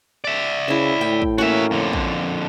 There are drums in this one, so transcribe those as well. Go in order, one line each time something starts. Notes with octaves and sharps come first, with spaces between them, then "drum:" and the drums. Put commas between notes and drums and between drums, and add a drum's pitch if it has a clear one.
D5 E5
C#3 E4 C5
A2 G5
drum: kick
A#3 C#4 F#4 E5
F2 D3
drum: kick